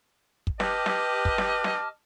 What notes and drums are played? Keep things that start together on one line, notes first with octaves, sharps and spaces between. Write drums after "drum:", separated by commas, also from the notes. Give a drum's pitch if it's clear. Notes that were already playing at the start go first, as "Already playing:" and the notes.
drum: kick
G4 B4 D#5 A5 D6 F6, drum: snare
drum: snare
drum: kick
drum: snare
drum: snare